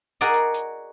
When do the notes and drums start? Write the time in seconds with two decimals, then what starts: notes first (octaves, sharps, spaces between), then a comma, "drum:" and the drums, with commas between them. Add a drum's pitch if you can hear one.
0.21 F#4 G#4 A#4 D5 D#5
0.33 drum: hi-hat
0.54 drum: hi-hat